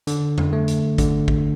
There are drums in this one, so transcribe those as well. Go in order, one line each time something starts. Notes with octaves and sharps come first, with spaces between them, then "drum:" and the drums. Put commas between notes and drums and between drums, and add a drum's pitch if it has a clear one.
D3, drum: hi-hat
drum: tom F2
A3
drum: hi-hat
D3, drum: kick G#1, hi-hat
drum: kick G#1